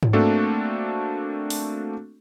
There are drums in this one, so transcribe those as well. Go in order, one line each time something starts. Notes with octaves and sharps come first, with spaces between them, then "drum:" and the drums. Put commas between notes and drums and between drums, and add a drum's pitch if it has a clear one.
drum: tom G#2
A3 A#3 C4 D4 F#4 A4
drum: open hi-hat